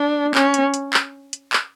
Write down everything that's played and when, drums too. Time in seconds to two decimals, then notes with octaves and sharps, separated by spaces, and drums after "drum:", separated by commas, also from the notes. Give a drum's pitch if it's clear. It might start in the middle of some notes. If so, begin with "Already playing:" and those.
Already playing: D4
0.35 C#4, drum: clap
0.54 drum: hi-hat
0.74 drum: hi-hat
0.93 drum: clap
1.33 drum: hi-hat
1.53 drum: clap